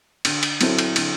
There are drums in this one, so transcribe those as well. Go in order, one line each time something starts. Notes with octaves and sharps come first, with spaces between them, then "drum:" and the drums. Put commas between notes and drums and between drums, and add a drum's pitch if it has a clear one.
D3, drum: cymbal
drum: cymbal
F#3 C4 E4 A4, drum: cymbal
drum: cymbal
D3, drum: cymbal